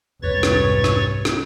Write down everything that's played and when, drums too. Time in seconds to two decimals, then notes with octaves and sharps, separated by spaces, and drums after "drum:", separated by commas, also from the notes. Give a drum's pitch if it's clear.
0.23 C2 F2 G#2 B4 C#5 C#6 A6
0.43 drum: snare
0.84 drum: snare
1.25 drum: snare